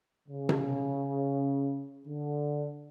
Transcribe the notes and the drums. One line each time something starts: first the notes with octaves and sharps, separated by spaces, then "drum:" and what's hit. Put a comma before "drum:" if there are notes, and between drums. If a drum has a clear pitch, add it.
C#3
drum: tom C3
D3